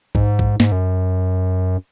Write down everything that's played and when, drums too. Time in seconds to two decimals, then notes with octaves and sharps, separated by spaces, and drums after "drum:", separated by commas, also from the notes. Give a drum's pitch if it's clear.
0.15 G#2, drum: kick A#1
0.39 drum: kick A#1
0.60 G#2, drum: snare
0.72 F#2